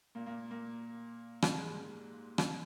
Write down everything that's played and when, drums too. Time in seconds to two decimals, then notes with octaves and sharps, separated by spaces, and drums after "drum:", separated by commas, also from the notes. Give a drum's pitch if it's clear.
0.15 A#2 A#3
0.26 A#2 A#3
0.51 A#2 A#3
1.42 drum: rim click
1.53 G3
1.58 G#2 G#3
2.38 drum: rim click